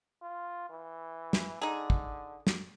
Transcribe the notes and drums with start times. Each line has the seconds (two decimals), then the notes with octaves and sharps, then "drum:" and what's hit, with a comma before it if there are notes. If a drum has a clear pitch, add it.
0.22 F4
0.70 E3
1.33 drum: snare
1.62 D3 D#4 G#4
1.90 drum: kick
2.47 drum: snare